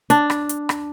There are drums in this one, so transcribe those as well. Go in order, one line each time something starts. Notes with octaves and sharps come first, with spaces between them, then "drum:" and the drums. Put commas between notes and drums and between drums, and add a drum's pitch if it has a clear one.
D4, drum: hi-hat
drum: rim click
drum: hi-hat
drum: rim click